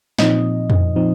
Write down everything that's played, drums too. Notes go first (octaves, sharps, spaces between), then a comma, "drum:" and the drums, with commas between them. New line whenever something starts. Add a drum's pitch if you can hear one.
A#2 F3 C4 D#4 D#5, drum: snare
drum: tom F2
A#2 F3 C4 D#4